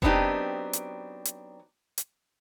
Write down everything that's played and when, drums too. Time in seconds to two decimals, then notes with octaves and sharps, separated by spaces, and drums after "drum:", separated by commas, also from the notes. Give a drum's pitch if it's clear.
0.02 F#3 B3 C4 D4 D#4 G4, drum: kick F1
0.73 drum: hi-hat
1.25 drum: hi-hat
1.98 drum: hi-hat